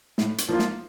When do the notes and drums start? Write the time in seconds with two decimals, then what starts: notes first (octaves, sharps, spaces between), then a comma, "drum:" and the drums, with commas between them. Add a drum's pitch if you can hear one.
0.18 A2, drum: snare
0.38 drum: hi-hat
0.48 F3 A#3 F4
0.59 drum: snare